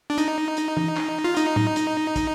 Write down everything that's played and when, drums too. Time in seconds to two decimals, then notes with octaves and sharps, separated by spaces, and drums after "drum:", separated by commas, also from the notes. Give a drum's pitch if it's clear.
0.10 D4
0.18 D#4, drum: hi-hat
0.57 drum: hi-hat
0.77 drum: tom
0.97 drum: clap
1.24 F4
1.37 D#4, drum: hi-hat
1.56 drum: tom
1.76 drum: hi-hat
2.16 drum: kick, hi-hat